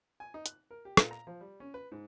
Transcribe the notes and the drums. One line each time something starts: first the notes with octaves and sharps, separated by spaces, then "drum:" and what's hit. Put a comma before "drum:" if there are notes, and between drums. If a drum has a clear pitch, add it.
G#5
D#4
F#6, drum: hi-hat
A#4
G4
A#2, drum: rim click
A#5
F3
G3
C#4
B4
G#2